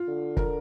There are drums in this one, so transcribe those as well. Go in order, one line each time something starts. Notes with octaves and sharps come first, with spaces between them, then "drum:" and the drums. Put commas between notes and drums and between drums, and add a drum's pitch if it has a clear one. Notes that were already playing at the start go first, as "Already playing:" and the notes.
Already playing: F4
D3
A#4, drum: kick